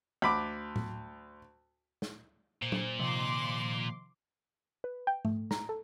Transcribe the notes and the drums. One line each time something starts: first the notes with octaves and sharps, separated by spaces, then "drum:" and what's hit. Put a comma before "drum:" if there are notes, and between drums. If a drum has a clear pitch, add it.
D2 B5 D6
drum: tom A2
drum: snare
A#2 C5
drum: tom F#3
C3 D#3 F3 C6 D6
B4
G5
A3, drum: tom G#2
A#5, drum: snare
A4